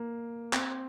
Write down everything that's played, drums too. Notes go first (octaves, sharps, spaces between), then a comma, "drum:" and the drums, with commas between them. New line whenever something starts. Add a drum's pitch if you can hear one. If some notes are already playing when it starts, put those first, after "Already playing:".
Already playing: A#3
C4, drum: clap